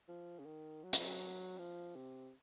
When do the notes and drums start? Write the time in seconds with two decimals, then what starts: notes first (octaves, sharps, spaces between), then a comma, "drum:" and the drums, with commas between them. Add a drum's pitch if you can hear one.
0.08 F3
0.39 C#3
0.45 D#3
0.84 F#3
0.93 F3, drum: hi-hat
1.04 F#3
1.58 F3
1.95 C3